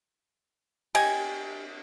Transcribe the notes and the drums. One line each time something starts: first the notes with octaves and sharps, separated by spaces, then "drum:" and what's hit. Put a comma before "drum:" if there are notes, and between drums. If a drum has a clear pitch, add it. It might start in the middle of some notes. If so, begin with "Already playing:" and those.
G4 D#5 G#5, drum: cymbal